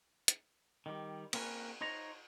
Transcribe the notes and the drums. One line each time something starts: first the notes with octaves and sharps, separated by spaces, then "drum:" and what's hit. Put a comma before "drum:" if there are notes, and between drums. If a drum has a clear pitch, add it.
drum: hi-hat
D#3 G3
A#3 C4 C#4 A#4 B4 G#5, drum: cymbal
D#4 C5 C#5 A#5